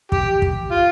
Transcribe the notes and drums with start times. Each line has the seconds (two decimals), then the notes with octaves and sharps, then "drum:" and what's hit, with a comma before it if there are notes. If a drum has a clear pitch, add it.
0.12 G4, drum: kick
0.42 drum: kick
0.72 F4